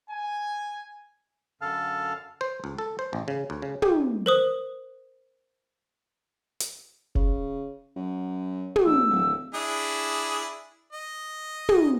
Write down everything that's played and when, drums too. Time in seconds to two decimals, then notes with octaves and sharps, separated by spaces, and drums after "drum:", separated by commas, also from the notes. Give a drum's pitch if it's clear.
0.10 G#5
1.61 F#2 D3 A4 F5 A5 F6
2.41 C5
2.64 C#2
2.78 A4
2.99 C5
3.13 A1
3.28 C#3
3.50 D2
3.62 C#3
3.82 G4, drum: tom
4.26 A#4 C5 D#6
6.61 drum: hi-hat
7.15 C#3, drum: kick F1
7.96 F#2
8.76 drum: tom
8.86 A#1 E6
9.10 D1
9.54 D4 E4 G#4
10.93 D#5
11.69 drum: tom